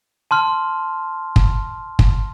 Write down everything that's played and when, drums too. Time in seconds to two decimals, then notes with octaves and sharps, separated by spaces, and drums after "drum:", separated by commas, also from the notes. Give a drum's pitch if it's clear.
0.31 A5 C6 F6
1.36 drum: kick
1.99 drum: kick